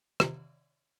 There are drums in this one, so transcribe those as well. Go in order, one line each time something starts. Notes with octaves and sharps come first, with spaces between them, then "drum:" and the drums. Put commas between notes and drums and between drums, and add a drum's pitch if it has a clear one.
C3 D#3, drum: rim click